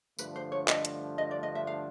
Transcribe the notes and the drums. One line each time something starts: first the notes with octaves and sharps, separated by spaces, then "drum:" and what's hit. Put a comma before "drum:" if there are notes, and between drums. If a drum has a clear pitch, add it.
G2 D3 F3 A3 D4 B4, drum: tambourine
C5
C#5
D#5, drum: clap
drum: hi-hat
D#5
D5
D#5
E5
F5